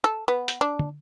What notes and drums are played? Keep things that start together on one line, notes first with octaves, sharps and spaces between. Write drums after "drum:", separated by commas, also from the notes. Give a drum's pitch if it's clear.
A4
B3
drum: hi-hat
D4
drum: tom